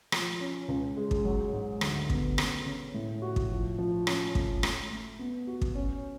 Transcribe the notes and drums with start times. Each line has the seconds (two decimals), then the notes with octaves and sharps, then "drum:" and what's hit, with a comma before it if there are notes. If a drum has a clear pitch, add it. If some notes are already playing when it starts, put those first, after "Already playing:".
0.12 F3, drum: rim click
0.40 C#4
0.68 C#2
0.97 G#3
1.11 drum: kick
1.25 F#3
1.53 G#2
1.81 D2, drum: rim click
2.10 B3, drum: kick
2.38 C#3, drum: rim click
2.66 C#3
2.94 A2
3.22 F#4
3.36 drum: kick
3.50 F3
3.78 F3
4.07 C#4, drum: rim click
4.35 A3, drum: kick
4.63 A3, drum: rim click
4.91 A3
5.19 B3
5.47 F#4
5.62 drum: kick
5.75 C#4